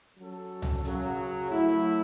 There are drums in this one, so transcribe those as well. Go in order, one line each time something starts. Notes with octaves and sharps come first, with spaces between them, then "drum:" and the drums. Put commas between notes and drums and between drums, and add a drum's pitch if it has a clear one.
F#3 C#4 A4
drum: tom C2
F#2 C#3 F#3, drum: hi-hat
F#3 A3 E4